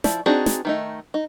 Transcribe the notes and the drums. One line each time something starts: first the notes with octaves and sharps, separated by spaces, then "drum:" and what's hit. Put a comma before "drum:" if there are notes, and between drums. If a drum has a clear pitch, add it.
F3 E4 D5, drum: snare
C4 D4 D#4 F#4 G#4
drum: snare
D#3 A3 D#4
D#4